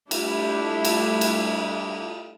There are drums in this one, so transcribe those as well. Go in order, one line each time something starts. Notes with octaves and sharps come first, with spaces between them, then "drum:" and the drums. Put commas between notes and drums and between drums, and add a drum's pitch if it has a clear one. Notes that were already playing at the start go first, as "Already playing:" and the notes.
G3 A3 D4 E4 G4, drum: cymbal
drum: cymbal
drum: cymbal